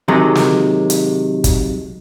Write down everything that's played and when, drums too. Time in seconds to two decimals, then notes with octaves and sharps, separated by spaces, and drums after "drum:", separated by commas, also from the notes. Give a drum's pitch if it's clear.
0.08 C3 D#3 F#3 G#3
0.35 drum: snare
0.90 drum: hi-hat
1.44 drum: kick, hi-hat